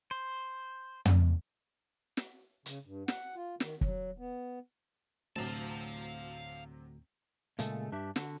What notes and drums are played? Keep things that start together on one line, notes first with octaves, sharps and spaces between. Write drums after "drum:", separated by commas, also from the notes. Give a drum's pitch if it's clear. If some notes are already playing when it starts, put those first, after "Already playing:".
C5
drum: tom
drum: snare
C#3, drum: hi-hat
G2
F#5, drum: snare
F4
D#3, drum: snare
F#3, drum: kick
B3
D2 A2 C3 F#3 A3 C4 F5 A5
A#2 C#3 G#3 A3 A4, drum: hi-hat
G2 D4 G4 E5
D3 F#4, drum: snare